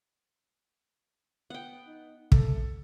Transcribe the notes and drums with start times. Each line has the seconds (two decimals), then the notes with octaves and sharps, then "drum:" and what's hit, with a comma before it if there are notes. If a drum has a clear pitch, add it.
1.50 B3 F#5 G5
1.87 D#4
2.32 A3 A4, drum: kick